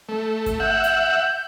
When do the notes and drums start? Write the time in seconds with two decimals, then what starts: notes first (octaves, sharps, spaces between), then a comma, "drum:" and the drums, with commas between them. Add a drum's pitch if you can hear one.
0.09 A3
0.46 drum: kick G1, hi-hat
0.60 E5 F#5 G6
0.84 drum: hi-hat